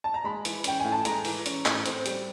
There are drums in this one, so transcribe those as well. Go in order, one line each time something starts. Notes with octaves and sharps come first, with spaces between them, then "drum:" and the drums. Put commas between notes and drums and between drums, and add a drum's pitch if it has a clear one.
A5
A#5
G#3 B5
E3, drum: hi-hat
C#4 G5, drum: hi-hat
A2 G#5
A5
G#3 A#5, drum: hi-hat
E3, drum: open hi-hat
C#4, drum: hi-hat
A2, drum: clap
C4, drum: hi-hat
G3, drum: hi-hat